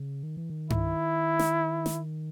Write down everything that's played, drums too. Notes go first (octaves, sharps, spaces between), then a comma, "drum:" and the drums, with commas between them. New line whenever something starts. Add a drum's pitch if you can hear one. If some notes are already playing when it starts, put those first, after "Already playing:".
Already playing: C#3
D#3
E3
D#3
E4, drum: tom G2
drum: snare
drum: snare